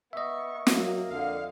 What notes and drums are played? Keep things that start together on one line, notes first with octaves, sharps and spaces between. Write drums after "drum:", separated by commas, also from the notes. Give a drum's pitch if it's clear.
B3 D#5 E5 C#6
F#3 A#3, drum: snare
F2 D3 F5